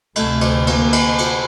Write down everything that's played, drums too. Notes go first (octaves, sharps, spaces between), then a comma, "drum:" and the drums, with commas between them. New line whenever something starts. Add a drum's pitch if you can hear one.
D2 C3 A3, drum: cymbal
drum: cymbal
A#3, drum: cymbal
drum: cymbal
drum: cymbal